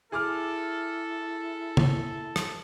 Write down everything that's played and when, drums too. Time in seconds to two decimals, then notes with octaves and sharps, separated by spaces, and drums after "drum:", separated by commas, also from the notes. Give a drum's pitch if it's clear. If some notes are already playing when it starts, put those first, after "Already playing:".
0.12 E4 G#4 A4 D6 F6
1.77 drum: tom
2.36 drum: rim click